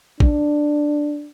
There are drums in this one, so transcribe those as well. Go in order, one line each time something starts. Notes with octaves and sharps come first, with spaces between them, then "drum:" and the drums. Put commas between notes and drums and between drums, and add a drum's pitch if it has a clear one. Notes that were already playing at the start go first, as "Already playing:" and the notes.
D4, drum: kick